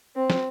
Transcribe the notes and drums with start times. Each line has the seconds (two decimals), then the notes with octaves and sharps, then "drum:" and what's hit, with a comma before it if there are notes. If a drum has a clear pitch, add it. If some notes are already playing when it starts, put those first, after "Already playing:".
0.16 C4
0.30 drum: snare